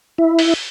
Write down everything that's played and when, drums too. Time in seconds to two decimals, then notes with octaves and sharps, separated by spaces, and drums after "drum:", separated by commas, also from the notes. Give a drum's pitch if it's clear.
0.18 E4
0.39 drum: open hi-hat